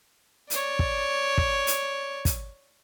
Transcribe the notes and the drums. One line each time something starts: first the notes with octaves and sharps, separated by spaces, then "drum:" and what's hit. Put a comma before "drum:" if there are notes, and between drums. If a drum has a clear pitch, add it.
C#5 D5, drum: hi-hat
drum: kick
drum: kick
drum: hi-hat
drum: kick, hi-hat